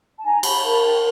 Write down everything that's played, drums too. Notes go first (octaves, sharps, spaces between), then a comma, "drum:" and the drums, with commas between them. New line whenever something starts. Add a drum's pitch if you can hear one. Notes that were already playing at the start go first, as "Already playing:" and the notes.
A5
D#4 G#5 A#5
A5 B5, drum: cymbal
A#4 A5 B5
G5 A5